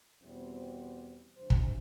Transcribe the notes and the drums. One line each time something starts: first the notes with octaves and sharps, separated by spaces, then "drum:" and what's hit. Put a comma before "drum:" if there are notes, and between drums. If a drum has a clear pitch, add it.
E2 B2 G3 C4
D2 C3 E3 G3 D4 C5
drum: kick